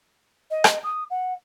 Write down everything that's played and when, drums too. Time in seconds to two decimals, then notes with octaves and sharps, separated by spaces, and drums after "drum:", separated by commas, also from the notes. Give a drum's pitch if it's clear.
0.51 D#5
0.64 drum: rim click
0.84 D#6
1.10 F#5